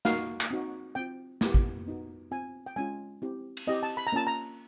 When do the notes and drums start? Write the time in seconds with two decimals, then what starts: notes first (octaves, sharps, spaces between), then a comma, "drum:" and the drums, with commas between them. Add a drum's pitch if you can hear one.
0.05 A#3 D#4 F#4 F5, drum: snare
0.40 drum: clap
0.50 C4 D#4 F#4
0.95 C4 F4 G5
1.41 B3 E4 G4, drum: snare
1.54 drum: kick
1.87 B3 D#4 F#4
2.31 C4 F4 G#5
2.66 G5
2.76 G#3 C#4 F4 G#5
3.22 C4 E4 G4
3.57 drum: cymbal
3.67 C4 E4 G4 D#5
3.83 A5
3.97 B5
4.07 A#5
4.12 A#3 C#4 F4 A5
4.27 A#5